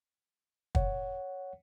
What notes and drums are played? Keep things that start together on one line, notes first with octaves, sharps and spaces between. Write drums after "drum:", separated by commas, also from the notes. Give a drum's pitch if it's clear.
C#5 F#5, drum: kick